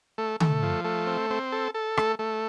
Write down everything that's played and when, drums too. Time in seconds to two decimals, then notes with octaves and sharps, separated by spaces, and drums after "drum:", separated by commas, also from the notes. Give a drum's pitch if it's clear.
0.18 A3
0.40 A3, drum: tom D3
0.63 F3
0.84 A3
1.07 C4
1.30 C4
1.52 A4
1.74 A4
1.97 A3, drum: rim click
2.19 A3